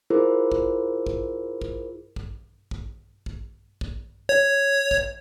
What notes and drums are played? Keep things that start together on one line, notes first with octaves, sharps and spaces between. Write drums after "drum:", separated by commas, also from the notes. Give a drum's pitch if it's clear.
E4 F4 G#4 A#4 C5
drum: kick A#1
drum: kick A#1
drum: kick A#1
drum: kick A#1
drum: kick A#1
drum: kick A#1
drum: kick A#1
C#5
drum: kick A#1